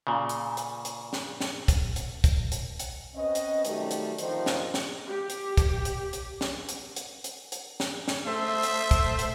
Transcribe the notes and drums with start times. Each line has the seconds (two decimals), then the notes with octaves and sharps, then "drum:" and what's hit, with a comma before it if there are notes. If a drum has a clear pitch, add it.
0.07 A#2 C#3
0.29 drum: hi-hat
0.57 drum: hi-hat
0.85 drum: hi-hat
1.13 drum: snare
1.41 drum: snare
1.68 drum: kick, hi-hat
1.96 drum: hi-hat
2.24 drum: kick, hi-hat
2.52 drum: hi-hat
2.80 drum: hi-hat
3.15 C4 C#4 B4 D#5
3.35 drum: hi-hat
3.65 C3 D#3 F#3 G3 A3, drum: hi-hat
3.91 drum: hi-hat
4.18 D3 D#3 F3 D#4 C5, drum: hi-hat
4.46 drum: snare
4.74 drum: snare
5.08 G4
5.30 drum: hi-hat
5.57 drum: kick, hi-hat
5.85 drum: hi-hat
6.13 drum: hi-hat
6.41 drum: snare
6.69 drum: hi-hat
6.96 drum: hi-hat
7.24 drum: hi-hat
7.52 drum: hi-hat
7.80 drum: snare
8.08 drum: snare
8.27 A3 C5 E5
8.63 drum: hi-hat
8.91 drum: kick, hi-hat
9.19 drum: hi-hat